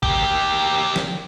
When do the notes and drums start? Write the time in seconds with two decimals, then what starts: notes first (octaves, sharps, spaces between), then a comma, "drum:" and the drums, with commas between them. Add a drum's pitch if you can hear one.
0.03 A#3 G4, drum: kick G#1
0.96 drum: snare